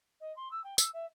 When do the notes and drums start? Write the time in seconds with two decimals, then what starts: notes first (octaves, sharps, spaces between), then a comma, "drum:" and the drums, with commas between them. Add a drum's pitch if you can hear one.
0.20 D#5
0.36 C6
0.51 E6
0.64 G5
0.78 E6, drum: tambourine
0.93 E5